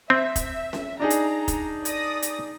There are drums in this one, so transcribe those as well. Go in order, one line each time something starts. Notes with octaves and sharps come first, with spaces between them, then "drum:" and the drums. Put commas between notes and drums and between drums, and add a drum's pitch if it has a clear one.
C4 E5
drum: kick F1, hi-hat
drum: snare C#4
D4 D#4 G#4 A#5
drum: hi-hat
drum: kick F1, hi-hat
D5 D#6 A#6, drum: hi-hat
drum: hi-hat